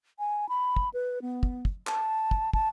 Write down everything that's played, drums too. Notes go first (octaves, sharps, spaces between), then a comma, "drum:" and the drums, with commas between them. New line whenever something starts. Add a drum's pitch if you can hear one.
G#5
B5
drum: kick
B4
B3
drum: kick
drum: kick
A5, drum: clap
drum: kick
A5, drum: kick